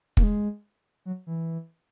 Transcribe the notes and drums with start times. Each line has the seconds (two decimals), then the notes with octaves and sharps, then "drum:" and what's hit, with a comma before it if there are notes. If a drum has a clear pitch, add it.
0.17 A#3, drum: kick
0.23 G#3
1.05 F#3
1.27 E3